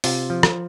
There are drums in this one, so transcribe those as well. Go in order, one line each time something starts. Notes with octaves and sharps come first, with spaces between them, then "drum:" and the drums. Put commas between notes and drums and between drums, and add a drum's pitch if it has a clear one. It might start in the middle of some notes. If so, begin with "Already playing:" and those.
C3 F4, drum: open hi-hat
F3
drum: rim click